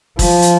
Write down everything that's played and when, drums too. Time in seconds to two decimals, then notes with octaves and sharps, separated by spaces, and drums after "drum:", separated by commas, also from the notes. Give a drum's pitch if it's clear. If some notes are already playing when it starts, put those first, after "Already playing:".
0.19 F3, drum: kick, open hi-hat
0.42 drum: hi-hat